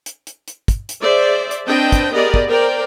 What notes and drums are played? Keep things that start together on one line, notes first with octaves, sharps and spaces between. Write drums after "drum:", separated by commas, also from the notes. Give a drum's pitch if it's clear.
drum: hi-hat
drum: hi-hat
drum: hi-hat
drum: kick, hi-hat
drum: hi-hat
G#4 C5 D5 E5
drum: hi-hat
C4 D4 B4 D#5 G5 A5
drum: kick, hi-hat
B3 G4 G#4 A#4 D5 D#5
drum: kick
A#4 C5 D5 G5